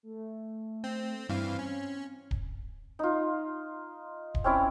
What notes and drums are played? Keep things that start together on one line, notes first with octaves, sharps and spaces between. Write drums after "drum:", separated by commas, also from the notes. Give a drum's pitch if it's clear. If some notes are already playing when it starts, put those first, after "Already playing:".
A3
C4
G2 E3 C4 F5
C#4
drum: kick D1
D#4 F4
drum: kick D1
C4 C#4 E4 D5